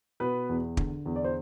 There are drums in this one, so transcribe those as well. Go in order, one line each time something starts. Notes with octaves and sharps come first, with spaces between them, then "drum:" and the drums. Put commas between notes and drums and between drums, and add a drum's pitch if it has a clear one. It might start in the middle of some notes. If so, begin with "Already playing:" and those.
B2 B3 B4
E2
D3, drum: kick
E2
D5
C5